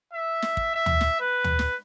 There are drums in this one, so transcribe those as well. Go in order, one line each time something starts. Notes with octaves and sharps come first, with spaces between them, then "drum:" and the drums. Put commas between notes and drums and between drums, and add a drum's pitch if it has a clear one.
E5
drum: snare
drum: kick
E5
drum: tom
drum: snare
B4
drum: tom
drum: snare